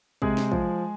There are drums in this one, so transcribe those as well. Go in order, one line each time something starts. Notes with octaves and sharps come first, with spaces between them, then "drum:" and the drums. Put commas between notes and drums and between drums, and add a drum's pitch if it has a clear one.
C3 G#3 G#4, drum: kick
drum: snare
F3, drum: kick